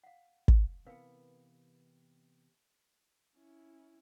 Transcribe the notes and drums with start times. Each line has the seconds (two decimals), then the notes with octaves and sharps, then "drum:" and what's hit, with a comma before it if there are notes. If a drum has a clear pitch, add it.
0.04 F5 F#5
0.48 drum: kick
0.87 C3 E3 B3 A#4 B4 F5
3.36 C#4 E4